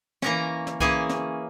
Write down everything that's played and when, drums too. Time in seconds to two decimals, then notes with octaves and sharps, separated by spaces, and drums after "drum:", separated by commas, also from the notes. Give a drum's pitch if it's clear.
0.22 E3 A#3 C#4 A#4 A#5, drum: snare
0.67 drum: snare
0.80 E3 A#3 C#4 G#4 G#5, drum: kick C2
1.09 drum: snare